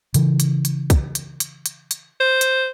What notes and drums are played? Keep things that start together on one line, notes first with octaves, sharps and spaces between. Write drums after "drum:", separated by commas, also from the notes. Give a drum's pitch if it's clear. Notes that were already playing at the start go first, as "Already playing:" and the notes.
C#3 E3, drum: hi-hat
drum: hi-hat
drum: hi-hat
drum: kick, hi-hat
drum: hi-hat
drum: hi-hat
drum: hi-hat
drum: hi-hat
C5
drum: hi-hat